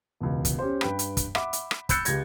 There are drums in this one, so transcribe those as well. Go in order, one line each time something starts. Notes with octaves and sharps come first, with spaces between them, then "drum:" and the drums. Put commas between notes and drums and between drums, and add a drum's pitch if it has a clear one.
E1 C#2
drum: kick, hi-hat
C#4 G4 C5
G2 B4 G5 B5, drum: rim click
drum: hi-hat
drum: kick, hi-hat
E5 F#5 B5 D6, drum: rim click
drum: hi-hat
drum: rim click
B5 E6 F#6 G6 A6 C#7, drum: kick, hi-hat
C#2 G4 G#6 A#6, drum: hi-hat